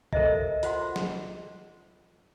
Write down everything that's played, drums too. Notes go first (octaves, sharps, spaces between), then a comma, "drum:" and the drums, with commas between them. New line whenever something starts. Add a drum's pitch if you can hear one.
A4 A#4 C5 D#5 E5, drum: kick B1
F4 C5 F#5 C6, drum: hi-hat
drum: snare